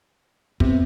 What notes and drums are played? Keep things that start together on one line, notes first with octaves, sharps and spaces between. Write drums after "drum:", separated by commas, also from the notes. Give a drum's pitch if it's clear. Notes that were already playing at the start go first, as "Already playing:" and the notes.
C3 B3, drum: kick